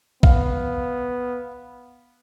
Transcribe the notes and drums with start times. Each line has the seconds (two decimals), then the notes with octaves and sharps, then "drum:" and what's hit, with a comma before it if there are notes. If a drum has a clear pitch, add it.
0.23 B3 F5, drum: kick